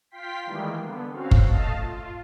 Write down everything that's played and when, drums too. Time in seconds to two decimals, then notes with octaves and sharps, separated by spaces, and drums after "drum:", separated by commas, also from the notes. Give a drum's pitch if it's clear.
0.11 F4 F5 G5 C6 B6
0.46 D#3 E3 G3 G#3 A#3
0.80 D3 B3
1.12 C4 C#4 F#4 F5
1.31 drum: kick F#1
1.47 A3 D#5 F5 A5
1.79 F4